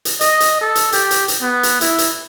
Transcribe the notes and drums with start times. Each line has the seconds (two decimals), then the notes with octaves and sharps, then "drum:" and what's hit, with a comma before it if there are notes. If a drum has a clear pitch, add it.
0.05 drum: hi-hat
0.21 D#5, drum: hi-hat
0.40 drum: hi-hat
0.61 A4
0.75 drum: hi-hat
0.92 G4, drum: hi-hat
1.11 drum: hi-hat
1.28 drum: hi-hat
1.42 B3
1.63 drum: hi-hat
1.81 E4, drum: hi-hat
1.98 drum: hi-hat